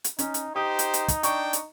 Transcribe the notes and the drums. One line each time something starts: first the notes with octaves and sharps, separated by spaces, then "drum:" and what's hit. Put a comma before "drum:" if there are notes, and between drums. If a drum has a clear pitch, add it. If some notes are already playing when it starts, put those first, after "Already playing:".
drum: hi-hat
C#4 D#4, drum: hi-hat
drum: hi-hat
D#4 G4 C5 D#6
drum: hi-hat
drum: hi-hat
drum: kick, hi-hat
D4 G5 C#6, drum: hi-hat
drum: hi-hat